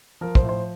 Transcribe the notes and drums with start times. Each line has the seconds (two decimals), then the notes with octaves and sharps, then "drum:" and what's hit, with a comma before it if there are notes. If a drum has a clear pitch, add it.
0.21 F3 A#4
0.35 C5, drum: kick
0.43 A2
0.49 C5